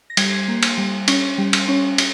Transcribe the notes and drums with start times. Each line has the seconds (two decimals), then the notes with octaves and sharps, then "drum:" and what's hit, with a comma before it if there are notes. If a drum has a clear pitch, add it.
0.10 A#6
0.17 G3 G#6 C7, drum: cymbal
0.48 A#3
0.63 drum: cymbal
0.78 G3
1.08 C#4, drum: cymbal
1.38 G3
1.53 drum: cymbal
1.68 C#4
1.98 drum: cymbal